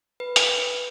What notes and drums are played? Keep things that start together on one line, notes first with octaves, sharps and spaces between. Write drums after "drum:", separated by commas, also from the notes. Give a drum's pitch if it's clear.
B4
drum: hi-hat